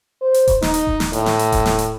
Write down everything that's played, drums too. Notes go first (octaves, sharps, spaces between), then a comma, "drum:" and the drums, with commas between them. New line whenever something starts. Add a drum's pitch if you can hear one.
C5
drum: hi-hat
drum: kick D#1, hi-hat
D#4, drum: snare
drum: hi-hat
drum: kick D#1
drum: snare
A2, drum: hi-hat
drum: snare
drum: hi-hat
drum: kick D#1, hi-hat
drum: snare
drum: hi-hat